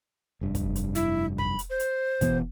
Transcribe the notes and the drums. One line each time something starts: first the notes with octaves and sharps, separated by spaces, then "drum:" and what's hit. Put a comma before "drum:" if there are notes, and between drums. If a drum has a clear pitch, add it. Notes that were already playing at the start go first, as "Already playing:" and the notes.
F1 G2
drum: kick, hi-hat
drum: hi-hat
E4, drum: hi-hat
B5, drum: kick
drum: hi-hat
C5
drum: hi-hat
B2 E3 B3, drum: kick, hi-hat